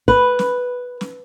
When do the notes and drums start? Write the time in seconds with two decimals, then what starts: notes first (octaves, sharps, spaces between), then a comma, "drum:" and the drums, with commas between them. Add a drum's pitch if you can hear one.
0.08 B4, drum: kick
0.39 drum: snare
1.01 drum: snare